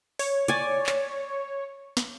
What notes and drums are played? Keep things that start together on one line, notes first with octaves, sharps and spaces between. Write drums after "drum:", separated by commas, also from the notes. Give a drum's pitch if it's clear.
C#5, drum: open hi-hat
D5 G#5, drum: hi-hat
drum: clap
drum: snare